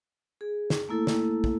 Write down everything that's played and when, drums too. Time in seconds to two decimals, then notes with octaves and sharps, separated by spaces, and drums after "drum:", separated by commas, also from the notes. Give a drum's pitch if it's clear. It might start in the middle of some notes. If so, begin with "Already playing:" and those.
0.41 G#4
0.70 drum: snare
0.89 A3 A#3 E4 A4
1.07 drum: snare
1.44 drum: kick